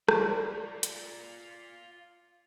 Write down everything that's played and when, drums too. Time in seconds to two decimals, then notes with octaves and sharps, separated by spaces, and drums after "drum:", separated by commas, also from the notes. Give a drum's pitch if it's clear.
0.09 F4 D5, drum: rim click
0.83 drum: hi-hat